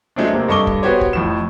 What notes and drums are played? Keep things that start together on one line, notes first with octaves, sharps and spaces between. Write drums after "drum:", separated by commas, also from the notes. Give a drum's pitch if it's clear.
F#3 G#3 A3 C4 D4
C3 A#3 C4
G2 A4 D#5 C#6 D6 G7
drum: kick
B3 F#4 G4 C5 C#5
drum: kick
F2 A2 E7